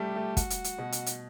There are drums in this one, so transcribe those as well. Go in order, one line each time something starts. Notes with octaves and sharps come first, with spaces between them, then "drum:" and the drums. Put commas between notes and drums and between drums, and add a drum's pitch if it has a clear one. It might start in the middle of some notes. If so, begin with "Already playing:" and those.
Already playing: G3 A3 G4
A3
F#4, drum: kick, hi-hat
drum: hi-hat
drum: hi-hat
B2
drum: hi-hat
drum: hi-hat